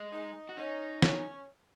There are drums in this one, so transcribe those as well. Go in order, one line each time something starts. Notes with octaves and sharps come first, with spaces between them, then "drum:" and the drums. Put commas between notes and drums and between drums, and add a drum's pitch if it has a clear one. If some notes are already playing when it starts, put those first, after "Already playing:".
Already playing: G#3
D#4
F#4
C#4 D#4
C#4, drum: snare